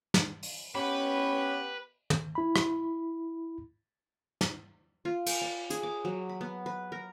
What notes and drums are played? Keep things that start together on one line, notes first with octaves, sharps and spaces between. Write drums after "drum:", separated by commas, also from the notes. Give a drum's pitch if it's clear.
drum: snare
drum: open hi-hat
B3 C#4 G4 B4
drum: tom
E4 B5
drum: rim click
drum: snare
F4
G5, drum: cymbal
D5
G#4, drum: hi-hat
D6
F#3
B5
B3
B4
A#4